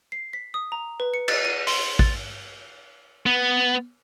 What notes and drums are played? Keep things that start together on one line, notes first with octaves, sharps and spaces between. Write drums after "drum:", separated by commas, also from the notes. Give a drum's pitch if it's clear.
C7
B6
D#6
A#5
B4
C#7
A6, drum: cymbal
D#7
C6, drum: open hi-hat
A6, drum: kick A1
B3